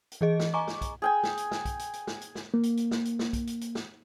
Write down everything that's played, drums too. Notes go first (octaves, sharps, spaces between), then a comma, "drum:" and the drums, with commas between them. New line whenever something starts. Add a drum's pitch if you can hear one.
drum: hi-hat
E3 G#4 D#5
drum: snare
D#5 G#5 A#5 C#6 D6
drum: snare
drum: kick, hi-hat
G#4 G5 G#5
drum: snare
drum: hi-hat
drum: snare
drum: kick, hi-hat
drum: hi-hat
drum: hi-hat
drum: snare
drum: hi-hat
drum: snare
A#3
drum: hi-hat
drum: hi-hat
drum: snare
drum: hi-hat
drum: snare
drum: kick, hi-hat
drum: hi-hat
drum: hi-hat
drum: snare